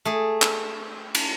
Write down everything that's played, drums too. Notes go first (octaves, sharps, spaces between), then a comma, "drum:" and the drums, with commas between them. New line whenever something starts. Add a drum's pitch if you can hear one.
A3 G#4
drum: clap
drum: cymbal